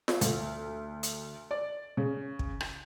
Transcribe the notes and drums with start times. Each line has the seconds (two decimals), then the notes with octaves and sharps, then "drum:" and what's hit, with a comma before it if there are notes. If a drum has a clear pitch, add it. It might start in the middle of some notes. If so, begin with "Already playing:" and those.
0.08 drum: snare F4
0.21 D2, drum: hi-hat
1.03 drum: hi-hat
1.51 D5
1.97 C#3
2.39 drum: kick
2.60 drum: rim click